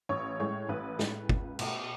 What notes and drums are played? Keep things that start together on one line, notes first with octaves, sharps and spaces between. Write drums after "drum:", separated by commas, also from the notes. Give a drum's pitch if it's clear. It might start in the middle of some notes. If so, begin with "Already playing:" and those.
A1 C#5
A2 G#3 C#5
A1 B4
A2 G#3, drum: snare
C#2, drum: kick
B2 A3, drum: cymbal